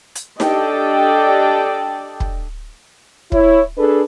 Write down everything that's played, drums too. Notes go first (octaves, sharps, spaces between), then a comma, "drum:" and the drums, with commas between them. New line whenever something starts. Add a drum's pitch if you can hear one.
drum: hi-hat
D4 G4 A4 D5 D#5 G5, drum: snare D#4
drum: kick
E4 C#5, drum: kick
D4 G#4 A4 B4